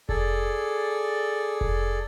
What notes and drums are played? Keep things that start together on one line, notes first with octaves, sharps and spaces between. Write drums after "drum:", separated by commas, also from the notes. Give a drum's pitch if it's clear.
G#4 A4 D5, drum: kick F1
drum: kick F1